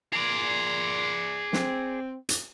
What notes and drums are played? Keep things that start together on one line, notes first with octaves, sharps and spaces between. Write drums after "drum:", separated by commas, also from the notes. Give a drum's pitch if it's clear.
A#2 G#4 D5 A#5 C6
C4, drum: snare
drum: hi-hat